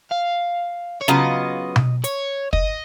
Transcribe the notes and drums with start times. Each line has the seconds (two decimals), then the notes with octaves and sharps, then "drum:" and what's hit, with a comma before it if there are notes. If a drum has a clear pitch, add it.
0.12 F5
1.02 C#5
1.08 C#3 F#3 B3 F4 D#5, drum: snare
1.76 drum: tom B2
2.04 C#5, drum: hi-hat
2.53 D#5, drum: kick